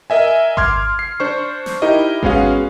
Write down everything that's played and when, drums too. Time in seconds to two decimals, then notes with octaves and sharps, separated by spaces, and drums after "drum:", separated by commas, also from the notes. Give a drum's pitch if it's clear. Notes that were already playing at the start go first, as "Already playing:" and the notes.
0.10 A#4 D#5 E5 G#5
0.57 C6 D6 F6 G#6, drum: kick G#1
0.99 C7
1.20 D4 C5 C#6
1.66 drum: snare
1.82 D#4 E4 G4 A#4 D#5
2.23 G#3 B3 C#4 F#4 G#4 F5, drum: kick G#1